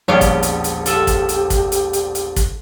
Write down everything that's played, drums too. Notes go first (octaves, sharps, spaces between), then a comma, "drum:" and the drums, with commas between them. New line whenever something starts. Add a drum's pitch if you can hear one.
E1 A#1 G3 B3 C#4 G4 C#5 F5
drum: kick, hi-hat
drum: hi-hat
drum: hi-hat
F3 G4 A4 E5, drum: hi-hat
drum: kick, hi-hat
drum: hi-hat
drum: kick, hi-hat
drum: hi-hat
drum: hi-hat
drum: hi-hat
drum: kick, hi-hat